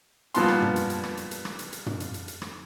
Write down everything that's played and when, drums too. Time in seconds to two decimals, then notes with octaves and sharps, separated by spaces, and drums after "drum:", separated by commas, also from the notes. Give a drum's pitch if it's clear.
0.34 G2 A#2 F3 B3 A5 C6, drum: hi-hat
0.48 drum: rim click
0.62 drum: tom
0.76 drum: hi-hat
0.90 drum: hi-hat
1.04 drum: rim click
1.17 drum: hi-hat
1.31 drum: hi-hat
1.45 drum: rim click
1.59 drum: hi-hat
1.73 drum: hi-hat
1.86 drum: tom
2.00 drum: hi-hat
2.14 drum: hi-hat
2.28 drum: hi-hat
2.42 drum: rim click